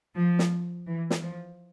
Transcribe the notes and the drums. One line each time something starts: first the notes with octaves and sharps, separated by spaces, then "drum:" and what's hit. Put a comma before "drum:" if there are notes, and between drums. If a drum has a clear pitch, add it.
F3
drum: snare
E3
drum: snare
F3